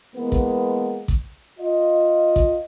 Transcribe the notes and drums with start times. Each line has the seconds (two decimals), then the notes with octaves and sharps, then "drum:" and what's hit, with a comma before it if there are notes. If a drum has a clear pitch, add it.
0.16 E3 G#3 A#3 B3
0.32 drum: kick A1
1.08 drum: kick A1
1.59 F4 D#5
2.36 drum: kick A1